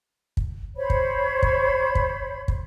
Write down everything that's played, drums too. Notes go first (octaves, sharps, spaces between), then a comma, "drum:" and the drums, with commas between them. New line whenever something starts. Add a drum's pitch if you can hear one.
drum: kick
C5 C#5 B5
drum: kick
drum: kick
drum: kick
drum: kick